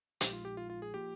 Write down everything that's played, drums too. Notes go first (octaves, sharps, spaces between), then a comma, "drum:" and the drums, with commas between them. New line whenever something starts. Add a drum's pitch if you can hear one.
A#1 A#2 F3 G#3 D#4 G4, drum: hi-hat
F4
G4
F4
F4
G#4
F3 A#3 F4 G4